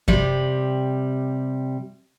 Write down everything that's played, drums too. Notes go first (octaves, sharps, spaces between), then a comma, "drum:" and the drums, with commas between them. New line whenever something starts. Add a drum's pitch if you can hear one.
C3 G3, drum: kick F#2